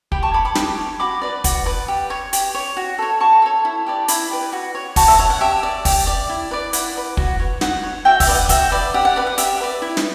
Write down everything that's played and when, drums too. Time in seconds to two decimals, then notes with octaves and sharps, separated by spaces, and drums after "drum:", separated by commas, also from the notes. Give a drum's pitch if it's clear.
0.12 G4 G5 B5, drum: kick
0.22 A5 C#6
0.34 C#5 B5 D6
0.45 B5 D6
0.55 G4, drum: snare
0.78 C#5
1.00 F#4 B5 D6
1.21 B4 D5
1.44 F#4, drum: kick, hi-hat
1.66 B4 D5
1.88 G4
2.10 C#5
2.33 G4, drum: hi-hat
2.55 C#5
2.77 F#4
2.98 A4 C#5
3.20 F#4 A5 C#6
3.42 A4 C#5
3.65 E4
3.86 G4 B4 D5
4.08 E4 B5 D6, drum: hi-hat
4.31 G4 B4 D5
4.53 F#4
4.75 C#5
4.96 F#4 A5 C#6, drum: kick, open hi-hat
5.08 E5
5.19 C#5 F#5
5.30 F#5
5.41 G4 E5
5.63 D5
5.85 G4, drum: kick, open hi-hat
6.07 D5
6.29 E4
6.51 B4 D5
6.73 E4 F#5, drum: hi-hat
6.96 B4 D5
7.17 F#4, drum: kick
7.39 C#5
7.61 F#4 F#5, drum: snare
7.83 C#5
8.05 F#4 E5 G5
8.20 E5, drum: kick, open hi-hat
8.28 B4 D5
8.35 F#5
8.49 F#4 E5 G5, drum: kick, hi-hat
8.72 B4 D5
8.94 G4 F#5
9.05 F#5
9.16 B4 D5
9.27 F#5
9.38 G4 E5, drum: hi-hat
9.61 B4 D5
9.82 E4
9.97 drum: snare